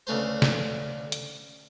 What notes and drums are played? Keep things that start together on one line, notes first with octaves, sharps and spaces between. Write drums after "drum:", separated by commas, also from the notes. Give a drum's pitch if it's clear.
D2 C#3 A3 B4 C5
drum: snare
drum: hi-hat